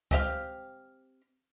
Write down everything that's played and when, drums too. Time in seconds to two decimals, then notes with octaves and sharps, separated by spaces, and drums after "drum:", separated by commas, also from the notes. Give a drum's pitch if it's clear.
0.11 C4 G4 F5, drum: kick C#2